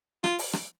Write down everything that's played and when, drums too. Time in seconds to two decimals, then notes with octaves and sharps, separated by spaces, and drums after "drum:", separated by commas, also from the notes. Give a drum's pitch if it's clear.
0.24 F4, drum: rim click
0.39 drum: open hi-hat
0.53 drum: rim click